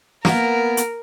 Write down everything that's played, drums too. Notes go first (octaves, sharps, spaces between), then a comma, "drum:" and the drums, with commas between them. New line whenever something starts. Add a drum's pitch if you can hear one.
A#3 B3 A#4, drum: snare
drum: hi-hat